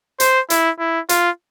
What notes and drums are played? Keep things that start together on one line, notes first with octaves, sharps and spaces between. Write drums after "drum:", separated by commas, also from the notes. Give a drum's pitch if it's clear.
C5, drum: hi-hat
E4, drum: hi-hat
E4
F4, drum: hi-hat